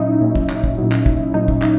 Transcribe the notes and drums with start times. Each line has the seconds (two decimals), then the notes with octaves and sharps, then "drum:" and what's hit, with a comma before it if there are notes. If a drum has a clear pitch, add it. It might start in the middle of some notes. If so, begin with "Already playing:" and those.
Already playing: A#2 F#3 C#4 D#4 E4
0.21 A#2 F#3
0.35 drum: kick
0.50 drum: clap
0.64 drum: kick
0.78 A#2 F#3
0.92 drum: clap
1.06 drum: kick
1.34 A#2 F#3 D#4
1.48 drum: kick
1.62 D#4, drum: clap